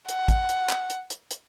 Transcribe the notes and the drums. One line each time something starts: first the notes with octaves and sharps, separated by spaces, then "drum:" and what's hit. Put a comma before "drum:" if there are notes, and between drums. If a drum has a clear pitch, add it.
F#5, drum: hi-hat
drum: kick, hi-hat
drum: hi-hat
drum: clap
drum: hi-hat
drum: hi-hat
drum: hi-hat